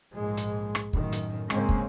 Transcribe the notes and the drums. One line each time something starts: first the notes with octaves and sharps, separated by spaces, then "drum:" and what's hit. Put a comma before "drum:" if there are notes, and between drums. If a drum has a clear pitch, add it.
A#1 G#2 G#3
drum: hi-hat
drum: rim click
F#2 A2 D#3, drum: kick
drum: hi-hat
G#2 C#3 G#3 A#3 C4 C#4, drum: rim click
drum: kick